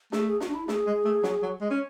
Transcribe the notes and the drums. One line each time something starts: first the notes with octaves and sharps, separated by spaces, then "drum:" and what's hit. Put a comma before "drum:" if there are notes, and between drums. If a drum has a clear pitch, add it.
A3 G#4, drum: snare
G#4
F#4, drum: snare
D4
E4
A3 G#4, drum: snare
G#3
A3
F#3, drum: snare
F#3
G#3
C#4